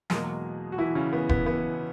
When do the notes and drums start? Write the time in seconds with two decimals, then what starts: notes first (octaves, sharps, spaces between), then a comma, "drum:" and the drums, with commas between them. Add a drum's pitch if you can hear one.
0.10 E2 B2 F#3 G#3 A#3 G#4, drum: snare
0.72 F#4
0.78 E3 E4
0.95 C#3 C#4
1.13 B3
1.29 B3, drum: kick E1
1.46 B3